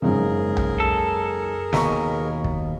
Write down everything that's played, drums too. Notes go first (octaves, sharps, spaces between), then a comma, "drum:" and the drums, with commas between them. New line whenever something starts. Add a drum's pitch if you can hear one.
F#1 G#2 C#3 G#4 A#4
drum: tom C2
A4
D#2 B2 A#5 C#6, drum: snare
drum: kick